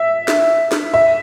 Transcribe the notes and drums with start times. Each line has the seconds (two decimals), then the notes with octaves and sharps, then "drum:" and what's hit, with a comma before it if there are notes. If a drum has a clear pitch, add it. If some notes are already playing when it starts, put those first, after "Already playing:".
Already playing: E5
0.28 drum: snare
0.72 drum: snare
0.94 E5